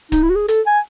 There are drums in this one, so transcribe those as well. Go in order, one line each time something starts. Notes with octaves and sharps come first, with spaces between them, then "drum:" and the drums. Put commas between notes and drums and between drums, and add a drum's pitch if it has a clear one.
D#4, drum: kick D1, hi-hat
E4
F#4
G#4
A4, drum: hi-hat
G#5